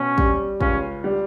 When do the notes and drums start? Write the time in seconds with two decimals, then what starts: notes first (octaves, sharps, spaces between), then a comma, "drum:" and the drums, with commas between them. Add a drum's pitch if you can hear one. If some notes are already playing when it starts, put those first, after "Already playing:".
Already playing: B2 C#4
0.18 G3, drum: kick
0.61 C#2 C#4, drum: kick
1.04 G3